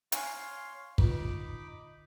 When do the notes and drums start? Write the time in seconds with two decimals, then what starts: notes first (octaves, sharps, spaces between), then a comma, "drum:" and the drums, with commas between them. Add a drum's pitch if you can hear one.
0.12 C#5 F5 G#5 C6, drum: hi-hat
0.98 D3 D#4 F4 B5 D6, drum: kick